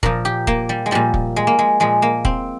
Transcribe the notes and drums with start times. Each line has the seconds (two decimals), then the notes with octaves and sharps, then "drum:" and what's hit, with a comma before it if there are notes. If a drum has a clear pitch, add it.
0.03 A#2 F3 A#4, drum: kick
0.25 G4
0.47 A#3, drum: kick
0.69 G3
0.86 G#3
0.91 A#2 F3 G3
1.14 drum: kick
1.36 G#3
1.47 A#3
1.59 G#3
1.80 A#2 F3 G#3
2.02 A#3
2.25 C4, drum: kick